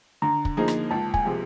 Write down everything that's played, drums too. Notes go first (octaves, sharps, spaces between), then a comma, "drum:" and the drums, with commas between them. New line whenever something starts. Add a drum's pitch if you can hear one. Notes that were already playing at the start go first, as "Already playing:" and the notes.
D3 A#5
drum: kick
F3 A#3 D#4 G#4
drum: rim click
C#2 A5
G#5, drum: kick
C3 F3 G#3